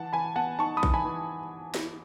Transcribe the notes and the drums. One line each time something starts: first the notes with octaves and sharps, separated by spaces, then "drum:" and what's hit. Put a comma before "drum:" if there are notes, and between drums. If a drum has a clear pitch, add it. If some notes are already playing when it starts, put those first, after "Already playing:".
Already playing: E3 F#5 A5
E3 G#5 B5
B3 F#5 A5
D#4 A5 C#6
B5 D#6
E3, drum: kick
G#5 B5
E3
drum: snare